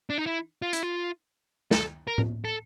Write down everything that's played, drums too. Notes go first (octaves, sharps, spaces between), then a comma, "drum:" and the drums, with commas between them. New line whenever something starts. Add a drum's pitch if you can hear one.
D4
D#4
E4
F4
E4, drum: hi-hat
F4
A4, drum: snare
A#4
drum: tom A2
A4